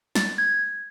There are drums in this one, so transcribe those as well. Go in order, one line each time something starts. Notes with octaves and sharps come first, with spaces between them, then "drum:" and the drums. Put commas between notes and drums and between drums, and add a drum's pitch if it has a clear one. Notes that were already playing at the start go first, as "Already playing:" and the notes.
A6, drum: snare
G#6